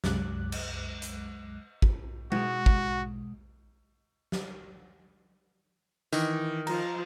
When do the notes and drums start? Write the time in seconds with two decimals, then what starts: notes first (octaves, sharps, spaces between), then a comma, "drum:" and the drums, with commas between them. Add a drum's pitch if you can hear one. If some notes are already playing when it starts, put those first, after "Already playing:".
0.04 C2 F#2 G#3 D6 F#6, drum: snare
0.52 drum: cymbal
1.02 drum: hi-hat
1.82 drum: kick
2.32 B2 G#3 F#4, drum: tom G#3
2.66 drum: kick
4.32 drum: snare
6.13 D#3 E3, drum: tambourine
6.67 F3 A#5, drum: cymbal